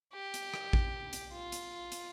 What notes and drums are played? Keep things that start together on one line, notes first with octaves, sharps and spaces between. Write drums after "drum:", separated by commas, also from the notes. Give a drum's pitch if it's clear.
G4
drum: hi-hat
drum: rim click
drum: kick A1
drum: hi-hat
F4
drum: hi-hat
drum: hi-hat